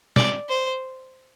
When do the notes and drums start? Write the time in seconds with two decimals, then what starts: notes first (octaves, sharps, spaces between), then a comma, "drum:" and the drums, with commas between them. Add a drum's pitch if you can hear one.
0.16 D5, drum: snare
0.49 C5